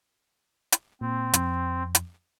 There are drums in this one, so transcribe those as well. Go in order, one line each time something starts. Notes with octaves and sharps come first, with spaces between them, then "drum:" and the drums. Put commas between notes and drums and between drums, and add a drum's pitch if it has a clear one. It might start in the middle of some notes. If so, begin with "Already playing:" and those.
drum: hi-hat
A#2 C4
F2, drum: hi-hat
drum: hi-hat